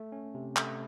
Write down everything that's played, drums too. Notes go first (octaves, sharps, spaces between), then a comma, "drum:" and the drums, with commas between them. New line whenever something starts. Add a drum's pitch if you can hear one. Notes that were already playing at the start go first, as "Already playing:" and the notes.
Already playing: A3
C#4
C3
A3, drum: clap